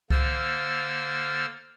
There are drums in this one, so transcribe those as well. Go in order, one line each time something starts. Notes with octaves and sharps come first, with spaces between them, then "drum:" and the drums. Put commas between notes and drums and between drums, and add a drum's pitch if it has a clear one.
D3 A#3 C5 E6 F6 A6, drum: kick C2